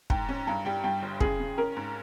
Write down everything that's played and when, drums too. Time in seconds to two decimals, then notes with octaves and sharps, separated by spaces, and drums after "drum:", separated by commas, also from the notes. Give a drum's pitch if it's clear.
0.10 G#2 G5, drum: kick
0.29 C#4
0.47 G2 A#5
0.65 G3 G5
0.84 G2 G5
1.02 G1
1.20 C#3 G#4, drum: kick
1.40 C#3
1.58 C#4 A#4
1.77 G#2